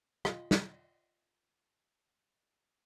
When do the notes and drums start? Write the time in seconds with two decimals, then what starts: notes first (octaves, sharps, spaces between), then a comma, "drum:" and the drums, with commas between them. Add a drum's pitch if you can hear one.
0.25 F4 D#5, drum: rim click
0.51 drum: snare